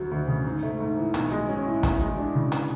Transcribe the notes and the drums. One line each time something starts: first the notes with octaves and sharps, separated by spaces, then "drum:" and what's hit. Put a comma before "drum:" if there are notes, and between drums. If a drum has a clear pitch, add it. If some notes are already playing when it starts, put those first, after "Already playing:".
Already playing: D2 F#3
D2
C#3
G#2
A3
G#2
E3
B1, drum: hi-hat
G#3
C#4
A2
E2, drum: kick, hi-hat
G#3
D4
C#3
drum: hi-hat